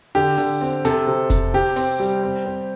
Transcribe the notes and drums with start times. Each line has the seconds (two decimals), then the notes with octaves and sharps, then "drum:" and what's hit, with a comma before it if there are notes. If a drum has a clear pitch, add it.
0.15 D3 G4
0.38 D3, drum: open hi-hat
0.61 C4
0.85 C3 A4, drum: hi-hat
1.07 C3
1.30 C3, drum: kick F1, hi-hat
1.54 C3 G4
1.76 C4, drum: open hi-hat
2.00 G3
2.23 C4
2.46 C4